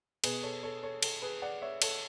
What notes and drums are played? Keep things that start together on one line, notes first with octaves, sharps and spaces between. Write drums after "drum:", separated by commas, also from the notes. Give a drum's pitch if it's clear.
B2 G#4 B4, drum: cymbal
A4 C#5
A4 C#5
A4 C#5
A4, drum: cymbal
G#4 B4
D5 F#5
C#5 E5
A4 C#5, drum: cymbal